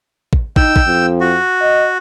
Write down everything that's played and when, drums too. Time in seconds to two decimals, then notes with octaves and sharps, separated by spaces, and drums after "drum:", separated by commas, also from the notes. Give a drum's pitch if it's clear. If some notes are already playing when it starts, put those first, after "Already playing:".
0.33 drum: kick
0.56 D#4 G5 E6, drum: kick
0.76 drum: kick
0.87 F2
1.21 F#4
1.61 D#5